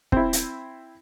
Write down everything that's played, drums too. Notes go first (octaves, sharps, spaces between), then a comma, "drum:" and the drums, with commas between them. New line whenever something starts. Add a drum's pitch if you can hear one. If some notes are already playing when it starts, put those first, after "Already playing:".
C4 E4, drum: kick
drum: hi-hat